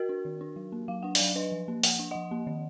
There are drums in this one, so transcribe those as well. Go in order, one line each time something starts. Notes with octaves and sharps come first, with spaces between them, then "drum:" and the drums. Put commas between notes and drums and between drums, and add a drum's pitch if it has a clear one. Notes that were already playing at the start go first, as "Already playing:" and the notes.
Already playing: F#4 A#4
D4
D#3
D4
F#3
A#3
F#3 F5
D4 F#5
F#3 D5 F5, drum: open hi-hat
D4 B4 D#5
F3
A#3
F3 F#5, drum: open hi-hat
D4
F3 D#5 F#5
A#3
D#3